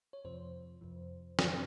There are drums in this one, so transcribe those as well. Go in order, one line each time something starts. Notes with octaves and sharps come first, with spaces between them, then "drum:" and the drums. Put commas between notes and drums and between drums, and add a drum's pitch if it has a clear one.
C#5
F2 C3 F3 C5
F2 C3 F3
F#2 C#3 F#3, drum: snare